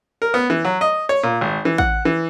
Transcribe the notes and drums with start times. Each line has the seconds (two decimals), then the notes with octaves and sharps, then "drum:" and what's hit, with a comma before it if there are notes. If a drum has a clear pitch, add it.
0.22 A#4
0.34 B3
0.50 E3
0.65 F#3
0.81 D#5
1.09 C#5
1.23 A#2
1.41 G#1
1.65 E3
1.78 F#5, drum: kick
2.05 E3